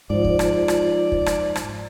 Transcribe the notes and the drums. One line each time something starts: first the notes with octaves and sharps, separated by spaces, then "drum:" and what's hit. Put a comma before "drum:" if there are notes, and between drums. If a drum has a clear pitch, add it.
G#2 F3 F4 C5 D5
drum: kick
drum: rim click
drum: rim click
drum: kick
drum: rim click
drum: rim click